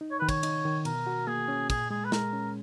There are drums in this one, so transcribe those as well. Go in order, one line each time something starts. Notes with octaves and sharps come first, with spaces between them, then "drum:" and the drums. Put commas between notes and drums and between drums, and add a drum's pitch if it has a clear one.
D#4
C#5
D#3 B4
C#5, drum: kick, cymbal
D#4, drum: cymbal
D#3
B2 A#4, drum: cymbal
F#4
A#3 G#4
C#4
A#2 G#4, drum: kick, cymbal
G#3 G#4
B4
G#3 A#4, drum: snare
C#4